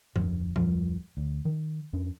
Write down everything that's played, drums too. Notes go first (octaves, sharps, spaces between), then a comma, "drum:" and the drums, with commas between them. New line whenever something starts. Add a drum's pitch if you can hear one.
D1 F2 D4, drum: tom G2
D1 F2 F3 G3, drum: tom A#2
D2
D#3
F2 C#4 D4